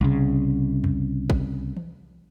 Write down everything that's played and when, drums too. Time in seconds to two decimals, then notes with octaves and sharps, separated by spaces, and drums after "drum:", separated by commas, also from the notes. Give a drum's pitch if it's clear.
0.01 C2 C#3
0.84 drum: tom E2
1.30 drum: kick
1.77 drum: tom E3